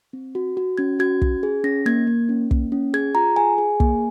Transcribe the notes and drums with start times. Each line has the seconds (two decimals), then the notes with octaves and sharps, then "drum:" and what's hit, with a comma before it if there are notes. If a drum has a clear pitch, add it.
0.13 C4
0.35 F#4
0.57 F#4
0.78 C#4 G#6
0.99 F#4 G#6
1.22 C#4, drum: kick
1.43 G#4
1.64 C#4 A#6
1.86 A#3 G#6
2.07 A#3
2.29 C#4
2.51 A#3, drum: kick
2.72 C#4
2.94 G#4 G#6
3.15 F4 A#5
3.36 G#4 G#5
3.58 G#4
3.80 A#3, drum: kick